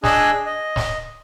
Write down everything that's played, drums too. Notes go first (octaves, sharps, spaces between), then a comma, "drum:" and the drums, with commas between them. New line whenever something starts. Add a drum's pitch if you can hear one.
D4 G#4 D#5 G#5 E6 F#6, drum: snare
D#5
drum: snare